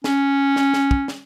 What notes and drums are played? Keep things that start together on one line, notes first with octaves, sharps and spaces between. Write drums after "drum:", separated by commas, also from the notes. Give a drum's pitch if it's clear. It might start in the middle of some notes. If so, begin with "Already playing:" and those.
C#4, drum: snare
drum: snare
drum: snare
drum: kick
drum: snare